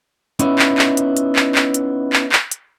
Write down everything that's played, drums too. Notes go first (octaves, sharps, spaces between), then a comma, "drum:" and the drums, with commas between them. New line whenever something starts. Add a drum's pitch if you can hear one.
B3 C#4 D#4 E4, drum: hi-hat
drum: clap
drum: clap
drum: hi-hat
drum: hi-hat
drum: clap
drum: clap
drum: hi-hat
drum: clap
drum: clap
drum: hi-hat